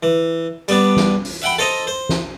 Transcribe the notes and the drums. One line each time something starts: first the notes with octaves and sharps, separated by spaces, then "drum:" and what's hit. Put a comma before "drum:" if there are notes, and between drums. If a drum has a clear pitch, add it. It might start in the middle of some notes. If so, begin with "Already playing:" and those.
E3
G3 B3 D4, drum: hi-hat
drum: snare
drum: open hi-hat
E5 F#5 G5 B5
A4 C5 D#5 A#5
C5
drum: snare